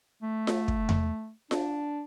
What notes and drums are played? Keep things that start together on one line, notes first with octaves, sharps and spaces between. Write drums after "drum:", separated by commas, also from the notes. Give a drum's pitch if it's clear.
A3
drum: snare F4
drum: kick
drum: tom E2
D4, drum: snare F4